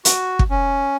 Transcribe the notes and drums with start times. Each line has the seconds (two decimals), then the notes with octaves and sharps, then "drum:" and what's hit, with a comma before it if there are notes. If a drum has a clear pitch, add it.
0.05 F#4, drum: hi-hat
0.39 drum: kick
0.50 C#4